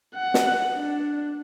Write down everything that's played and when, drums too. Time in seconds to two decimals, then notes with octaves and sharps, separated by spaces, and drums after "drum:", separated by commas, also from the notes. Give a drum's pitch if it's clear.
0.16 F#5
0.34 drum: snare
0.76 D4